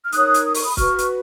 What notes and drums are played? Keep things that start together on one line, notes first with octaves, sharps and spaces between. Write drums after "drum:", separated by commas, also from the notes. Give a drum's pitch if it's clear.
F6
D#4 A#4 C#5 D#6 F#6, drum: hi-hat
drum: hi-hat
D#6
C#6, drum: open hi-hat
B5 D#6
F#4 B4 C#6 F6, drum: kick C#1, hi-hat
drum: hi-hat